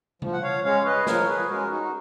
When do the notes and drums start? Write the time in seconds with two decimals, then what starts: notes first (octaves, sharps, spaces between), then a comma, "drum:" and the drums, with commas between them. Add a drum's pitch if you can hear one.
0.22 F3, drum: tom C#3
0.33 F#5
0.43 C#5 F5
0.64 G#3 C#4 C#5 F5
0.86 B4 D#5
1.07 F3 A#4 C#5, drum: snare
1.28 G#4 B4
1.49 G#3 C#4 F#4 A#4
1.70 D#4 F#4
1.82 F#4